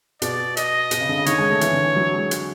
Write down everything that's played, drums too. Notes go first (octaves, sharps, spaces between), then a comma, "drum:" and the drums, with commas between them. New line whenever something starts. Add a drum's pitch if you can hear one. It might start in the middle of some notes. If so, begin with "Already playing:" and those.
B2 D5, drum: hi-hat
D#5, drum: hi-hat
B2, drum: hi-hat
C#3
D3
C#3
D#3 C#5, drum: hi-hat
G#3
A3
E3, drum: hi-hat
D3
E3
F#3
G#3
drum: hi-hat